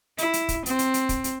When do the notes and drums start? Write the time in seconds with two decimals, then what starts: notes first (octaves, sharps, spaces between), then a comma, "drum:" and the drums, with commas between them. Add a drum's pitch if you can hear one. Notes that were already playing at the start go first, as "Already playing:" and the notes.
0.18 E4, drum: hi-hat
0.33 drum: hi-hat
0.49 drum: kick, hi-hat
0.66 C4, drum: hi-hat
0.79 drum: hi-hat
0.94 drum: hi-hat
1.09 drum: kick, hi-hat
1.24 drum: hi-hat